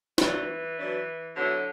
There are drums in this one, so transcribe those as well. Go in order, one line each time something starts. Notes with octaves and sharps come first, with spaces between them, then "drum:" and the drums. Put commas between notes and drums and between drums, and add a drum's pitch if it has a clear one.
B2 E3 F#3 D4 B4, drum: snare
B2 F#3 D4 B4
B2 D3 F#3 B3 E4